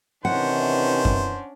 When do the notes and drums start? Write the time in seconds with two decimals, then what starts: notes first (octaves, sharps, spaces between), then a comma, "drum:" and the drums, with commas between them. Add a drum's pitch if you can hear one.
0.25 C3 D#3 E3 C#4 D4 C5 F#5
1.05 drum: kick F#2